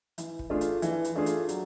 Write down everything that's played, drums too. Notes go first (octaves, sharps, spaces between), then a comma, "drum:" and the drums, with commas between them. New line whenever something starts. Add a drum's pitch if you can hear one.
E3, drum: hi-hat
drum: kick
A3 D4 F4 G#4
drum: hi-hat
E3, drum: hi-hat
drum: hi-hat
A3 D4 F4 G#4
drum: hi-hat
F#3, drum: hi-hat